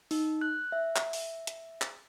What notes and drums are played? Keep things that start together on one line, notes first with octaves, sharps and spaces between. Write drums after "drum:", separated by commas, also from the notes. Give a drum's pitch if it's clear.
D#4, drum: open hi-hat
F#6
E5
drum: clap
drum: open hi-hat
drum: hi-hat
drum: clap